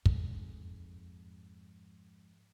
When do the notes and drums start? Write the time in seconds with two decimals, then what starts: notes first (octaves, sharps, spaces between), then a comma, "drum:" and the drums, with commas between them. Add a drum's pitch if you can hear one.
0.06 F2 G#2, drum: kick